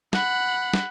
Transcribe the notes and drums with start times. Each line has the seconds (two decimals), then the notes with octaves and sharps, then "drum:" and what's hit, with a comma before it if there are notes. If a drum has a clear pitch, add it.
0.13 F#5 B5, drum: snare
0.73 drum: snare